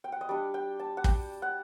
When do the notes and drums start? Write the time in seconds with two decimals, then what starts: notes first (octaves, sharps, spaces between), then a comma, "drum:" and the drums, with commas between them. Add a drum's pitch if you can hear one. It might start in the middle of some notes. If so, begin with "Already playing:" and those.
0.04 G5
0.12 F#5
0.21 D#5
0.29 G3 D4 D5
0.54 G5
0.79 A5
0.97 F#5
1.04 G5, drum: kick
1.42 F#5